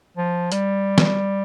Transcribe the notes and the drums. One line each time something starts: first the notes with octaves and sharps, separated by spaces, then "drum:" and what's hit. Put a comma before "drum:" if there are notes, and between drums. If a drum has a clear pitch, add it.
F3
G3, drum: hi-hat
drum: snare